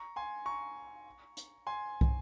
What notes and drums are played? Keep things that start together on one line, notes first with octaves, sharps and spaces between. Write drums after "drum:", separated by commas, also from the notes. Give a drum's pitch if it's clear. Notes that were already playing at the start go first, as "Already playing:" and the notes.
Already playing: A#5 C#6
G#5 C6
A#5 C#6
drum: hi-hat
G#5 C6
drum: kick